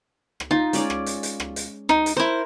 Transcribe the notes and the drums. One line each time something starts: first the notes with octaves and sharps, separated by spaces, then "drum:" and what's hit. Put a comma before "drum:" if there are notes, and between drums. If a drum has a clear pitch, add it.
drum: rim click
D#4 F4
G#3 C#4 D5, drum: hi-hat
drum: rim click
drum: hi-hat
drum: hi-hat
drum: rim click
drum: hi-hat
D#4, drum: rim click
drum: hi-hat
E4 A#4 C5